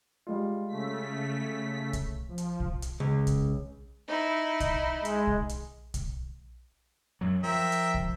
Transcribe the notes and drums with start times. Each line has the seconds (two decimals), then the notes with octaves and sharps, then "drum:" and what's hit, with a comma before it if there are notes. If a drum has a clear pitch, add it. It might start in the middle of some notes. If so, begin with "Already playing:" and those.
0.27 G3 G#3 F4
0.68 C#3 A3 B6
1.93 drum: kick, hi-hat
2.28 F3
2.38 drum: hi-hat
2.60 drum: kick
2.82 drum: hi-hat
3.00 C#2
3.27 drum: kick, hi-hat
4.07 D#4 E4
4.60 drum: kick, hi-hat
5.05 G#3, drum: hi-hat
5.27 drum: kick
5.49 drum: hi-hat
5.94 drum: kick, hi-hat
7.21 F#2 F#3
7.43 F3 A#4 E5 G5
7.72 drum: hi-hat
7.94 drum: kick